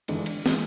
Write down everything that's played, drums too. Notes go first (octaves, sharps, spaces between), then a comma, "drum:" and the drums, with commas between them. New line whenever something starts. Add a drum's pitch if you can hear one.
G1 G2 E3 G#3, drum: cymbal
drum: cymbal
E3 G#3, drum: snare